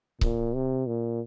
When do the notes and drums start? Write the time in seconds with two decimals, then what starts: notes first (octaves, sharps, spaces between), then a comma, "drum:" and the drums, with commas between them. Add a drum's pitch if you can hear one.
0.21 A#2, drum: kick C#1
0.55 C3
0.87 A#2